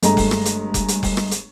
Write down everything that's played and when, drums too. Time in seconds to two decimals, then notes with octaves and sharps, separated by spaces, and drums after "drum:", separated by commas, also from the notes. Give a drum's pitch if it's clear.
0.03 G1 G2 G#3 A3 A#5, drum: hi-hat
0.17 drum: kick F1, open hi-hat
0.31 drum: rim click
0.45 drum: hi-hat
0.74 drum: kick F1, hi-hat
0.88 drum: hi-hat
1.03 drum: kick F1, open hi-hat
1.17 drum: rim click
1.31 drum: hi-hat